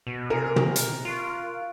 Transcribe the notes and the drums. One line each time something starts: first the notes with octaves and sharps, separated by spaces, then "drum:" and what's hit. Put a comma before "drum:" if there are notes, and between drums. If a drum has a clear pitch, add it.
B2
C3 A#4 C5 G#5
drum: tom
drum: hi-hat
F4 C#6 F#6 D7